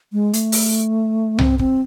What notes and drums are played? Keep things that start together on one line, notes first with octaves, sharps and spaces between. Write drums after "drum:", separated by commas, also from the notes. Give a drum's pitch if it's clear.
G#3
A3, drum: hi-hat
drum: open hi-hat
C4, drum: tom C2
C4, drum: kick